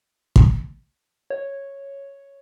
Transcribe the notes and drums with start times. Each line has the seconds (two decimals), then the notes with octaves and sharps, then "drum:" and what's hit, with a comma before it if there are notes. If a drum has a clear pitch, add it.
0.36 drum: kick
1.30 C#5